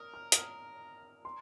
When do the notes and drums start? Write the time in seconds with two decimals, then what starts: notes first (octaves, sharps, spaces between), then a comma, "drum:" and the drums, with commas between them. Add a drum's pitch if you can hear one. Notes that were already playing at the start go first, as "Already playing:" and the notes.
Already playing: A#4 D#6
0.14 F6
0.32 D#6, drum: hi-hat
0.36 F6
1.25 C6